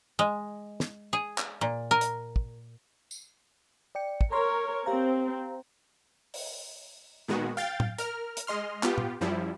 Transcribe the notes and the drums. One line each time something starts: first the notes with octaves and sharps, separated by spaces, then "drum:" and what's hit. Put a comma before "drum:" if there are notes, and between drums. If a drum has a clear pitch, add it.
G#3
drum: snare
G#4
drum: clap
A#2
A#4
drum: hi-hat
drum: kick
drum: tambourine
D5 G5 C#7
drum: kick
A#4 C#5 A#5 C6 C#6
C4 G4 F5 A#5
drum: open hi-hat
A#2 D#3 G#3 B3 F#4
F5 G5 G6 A6
drum: tom A2
A#4 F6, drum: hi-hat
drum: hi-hat
G#3 D#5 C6 F6
B3 F4 G4, drum: clap
drum: tom
F#2 F3 G3 E4